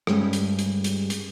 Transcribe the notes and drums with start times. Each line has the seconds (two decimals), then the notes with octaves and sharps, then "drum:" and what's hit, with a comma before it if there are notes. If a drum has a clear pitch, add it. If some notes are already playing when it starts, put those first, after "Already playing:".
0.07 D2 G2 G3 G#3 C#4 G4, drum: rim click
0.33 drum: hi-hat
0.59 drum: hi-hat
0.84 drum: hi-hat
1.10 drum: hi-hat